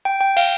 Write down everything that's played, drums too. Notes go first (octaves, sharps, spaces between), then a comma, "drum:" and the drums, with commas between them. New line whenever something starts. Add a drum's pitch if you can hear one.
G5
G5
F5, drum: cymbal